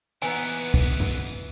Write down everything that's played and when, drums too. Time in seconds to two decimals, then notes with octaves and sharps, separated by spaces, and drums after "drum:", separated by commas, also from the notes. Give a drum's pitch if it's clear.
0.22 E2 A#2 E3 B3 D#4 B4 G#5, drum: tambourine
0.48 drum: tambourine
0.74 drum: kick, tambourine
1.00 drum: tom F#2
1.26 drum: tambourine